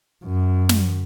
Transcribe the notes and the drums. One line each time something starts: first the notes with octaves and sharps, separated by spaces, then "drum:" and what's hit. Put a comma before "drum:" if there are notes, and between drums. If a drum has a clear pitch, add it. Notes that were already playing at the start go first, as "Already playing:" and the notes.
F#2
drum: snare